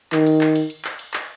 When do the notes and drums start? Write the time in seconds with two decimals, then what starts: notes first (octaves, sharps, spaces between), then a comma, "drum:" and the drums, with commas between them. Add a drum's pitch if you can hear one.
0.12 D#3, drum: clap
0.26 drum: cymbal
0.41 drum: clap
0.56 drum: cymbal
0.70 drum: cymbal
0.85 drum: clap
0.99 drum: cymbal
1.14 drum: clap